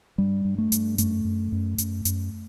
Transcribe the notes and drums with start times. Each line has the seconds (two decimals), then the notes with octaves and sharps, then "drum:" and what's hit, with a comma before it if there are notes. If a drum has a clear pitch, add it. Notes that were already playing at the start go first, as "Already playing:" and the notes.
0.18 G2 G3
0.45 G2
0.58 A3
0.72 G2, drum: hi-hat
0.98 F#2 A3, drum: hi-hat
1.25 F#2
1.52 F#2
1.78 F#2, drum: hi-hat
2.05 F#2, drum: hi-hat